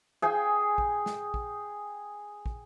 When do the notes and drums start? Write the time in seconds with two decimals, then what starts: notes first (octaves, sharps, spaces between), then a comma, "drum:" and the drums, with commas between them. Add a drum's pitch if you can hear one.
0.22 G#4 G5 G#5
0.78 drum: kick
1.06 drum: snare
1.34 drum: kick
2.46 drum: kick